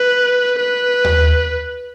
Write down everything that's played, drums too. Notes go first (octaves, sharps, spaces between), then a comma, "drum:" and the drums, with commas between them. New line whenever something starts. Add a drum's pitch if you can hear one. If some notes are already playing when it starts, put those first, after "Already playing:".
Already playing: B4
B4
drum: tom D#2